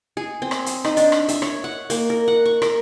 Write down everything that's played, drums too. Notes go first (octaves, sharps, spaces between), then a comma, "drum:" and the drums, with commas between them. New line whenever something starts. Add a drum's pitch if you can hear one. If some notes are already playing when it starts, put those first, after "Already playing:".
G#4
C4
drum: rim click
drum: hi-hat
D#4, drum: rim click
D4, drum: hi-hat
drum: rim click
E5, drum: hi-hat
C#5, drum: rim click
F#5
A#3, drum: hi-hat
A#4
F#5
C#6
A#4, drum: rim click